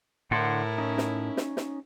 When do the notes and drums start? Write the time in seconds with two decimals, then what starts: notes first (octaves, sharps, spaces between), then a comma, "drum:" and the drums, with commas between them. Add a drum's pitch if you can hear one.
0.31 A2 D3 E4 A#4 F#5 C6
0.78 C#4 D#4
0.98 drum: snare
1.37 drum: snare
1.57 drum: snare